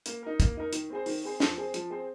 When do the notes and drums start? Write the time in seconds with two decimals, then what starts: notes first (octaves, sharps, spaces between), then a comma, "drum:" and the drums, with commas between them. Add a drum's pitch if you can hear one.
0.06 A#3, drum: hi-hat
0.22 D#4 A#4
0.40 A#3, drum: kick, hi-hat
0.57 D#4 A#4
0.73 D#3, drum: hi-hat
0.90 C4 G#4 C5
1.06 D#3, drum: open hi-hat
1.24 C4 G#4 C5
1.40 F3, drum: snare
1.56 C4 G#4 C5
1.74 F3, drum: hi-hat
1.90 C4 G#4 C5